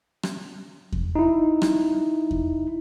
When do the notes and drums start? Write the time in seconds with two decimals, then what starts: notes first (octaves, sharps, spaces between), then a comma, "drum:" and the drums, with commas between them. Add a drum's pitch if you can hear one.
0.23 drum: rim click
0.92 drum: kick E2
1.15 D#4 E4
1.62 drum: rim click
2.31 drum: kick E2